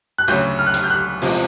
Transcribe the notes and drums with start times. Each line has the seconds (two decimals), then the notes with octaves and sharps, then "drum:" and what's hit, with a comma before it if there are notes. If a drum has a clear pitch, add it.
0.18 F#6
0.28 D2 C#3 F#3 G6, drum: hi-hat
0.59 F6
0.67 F#6
0.74 F6, drum: hi-hat
0.84 G6
0.90 F#6
1.22 E2 C3 F3 G#3, drum: open hi-hat